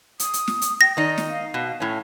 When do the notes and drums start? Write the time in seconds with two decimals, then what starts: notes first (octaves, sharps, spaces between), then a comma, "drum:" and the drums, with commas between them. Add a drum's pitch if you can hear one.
0.19 D#6, drum: hi-hat
0.34 drum: hi-hat
0.48 drum: snare
0.62 drum: hi-hat
0.81 G5 A#6
0.97 D#3 D#4 D5
1.18 drum: snare
1.28 F5
1.54 B2
1.80 A2 C#4